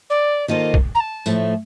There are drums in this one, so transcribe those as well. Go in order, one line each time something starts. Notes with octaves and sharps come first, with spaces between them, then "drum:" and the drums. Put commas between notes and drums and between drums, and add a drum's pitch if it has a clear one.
D5
D#3 A#3 F4 A4 C5 D#5
drum: kick
A#5
A5
A2 F3 A3, drum: tambourine